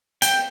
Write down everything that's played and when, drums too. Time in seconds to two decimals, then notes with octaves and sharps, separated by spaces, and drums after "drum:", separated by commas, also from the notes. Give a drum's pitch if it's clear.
0.22 G5, drum: hi-hat